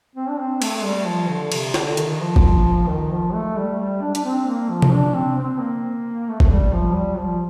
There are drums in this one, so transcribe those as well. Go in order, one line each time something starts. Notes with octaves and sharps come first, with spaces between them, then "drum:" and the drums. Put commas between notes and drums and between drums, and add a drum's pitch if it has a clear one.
C4
D4
C4
A3, drum: cymbal
G3
F3
D3
C3, drum: cymbal
D3, drum: snare
D#3, drum: hi-hat
F3
drum: kick G1
D#3
F3
A3
G3
G3
D4
D4, drum: hi-hat
C4
A#3
F3
drum: tom C3
D4
C4
C4
A#3
A3
A3, drum: kick G1
G3
F3
G3
F3